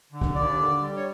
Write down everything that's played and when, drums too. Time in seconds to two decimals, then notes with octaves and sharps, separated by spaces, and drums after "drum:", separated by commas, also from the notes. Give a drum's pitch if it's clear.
0.12 D3
0.21 drum: kick
0.35 D#2 D5
0.58 D3
0.81 G3
0.96 C#5